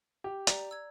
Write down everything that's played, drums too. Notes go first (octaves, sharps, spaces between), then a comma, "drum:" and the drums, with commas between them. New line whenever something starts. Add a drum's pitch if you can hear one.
G4
D5 A#5, drum: hi-hat
E6 G#6